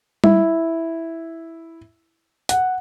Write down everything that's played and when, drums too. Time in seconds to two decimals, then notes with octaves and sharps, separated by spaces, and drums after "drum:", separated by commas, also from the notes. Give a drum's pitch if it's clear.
0.24 E4, drum: tom G3
2.49 F#5, drum: hi-hat